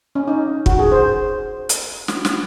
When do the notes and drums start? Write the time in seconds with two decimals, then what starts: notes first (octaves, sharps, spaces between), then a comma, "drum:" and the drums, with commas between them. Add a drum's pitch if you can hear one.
0.15 C#4
0.27 D#4
0.66 F#4, drum: kick
0.79 G#4
0.92 C5
1.69 drum: hi-hat
2.08 drum: snare
2.25 drum: snare